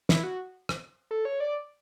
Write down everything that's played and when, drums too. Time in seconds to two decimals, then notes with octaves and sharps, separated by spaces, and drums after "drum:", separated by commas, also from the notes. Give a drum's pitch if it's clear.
0.09 E4, drum: snare
0.23 F#4
0.69 drum: rim click
1.11 A4
1.25 C#5
1.40 D5